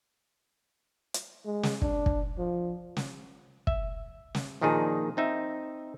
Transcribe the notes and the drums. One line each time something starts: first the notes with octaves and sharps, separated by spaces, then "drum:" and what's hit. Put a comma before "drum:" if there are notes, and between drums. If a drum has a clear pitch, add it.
drum: hi-hat
G#3
drum: snare
D4, drum: kick
drum: kick
F3
drum: snare
E5, drum: kick
drum: snare
A#1 A#2 D#3 D#4 G#4 A5
C4 D#4 E5